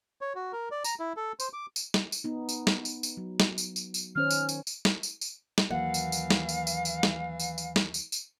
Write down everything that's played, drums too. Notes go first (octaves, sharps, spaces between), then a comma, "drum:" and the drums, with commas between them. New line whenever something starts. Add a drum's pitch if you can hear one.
C#5
F#4
A#4
D5
A#5, drum: tambourine
E4
A4
C5, drum: tambourine
D6
drum: tambourine
drum: snare
drum: tambourine
B3 D#4
drum: tambourine
drum: snare
drum: tambourine
drum: tambourine
F#3
drum: snare
drum: tambourine
drum: tambourine
drum: tambourine
D#3 C#4 C5 F6
drum: tambourine
drum: tambourine
drum: tambourine
drum: snare
drum: tambourine
drum: tambourine
drum: snare
D#2 E3 F#3 A#3 F5 F#5
drum: tambourine
drum: tambourine
drum: snare
drum: tambourine
drum: tambourine
drum: tambourine
drum: snare
drum: tambourine
drum: tambourine
drum: snare
drum: tambourine
drum: tambourine